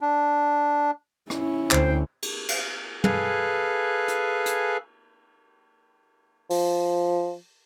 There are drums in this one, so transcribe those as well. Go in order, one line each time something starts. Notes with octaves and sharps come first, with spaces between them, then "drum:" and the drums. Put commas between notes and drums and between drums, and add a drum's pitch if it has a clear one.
D4
C#4 E4, drum: rim click
D2 C5 G5, drum: clap
drum: cymbal
drum: cymbal
G#4 A4 B4 F5 G#5 F#6, drum: tom
drum: hi-hat
drum: hi-hat
F3, drum: open hi-hat